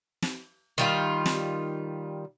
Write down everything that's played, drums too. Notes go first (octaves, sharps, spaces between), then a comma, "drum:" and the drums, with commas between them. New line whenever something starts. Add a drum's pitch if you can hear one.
drum: snare
D#3 G3 F4
drum: snare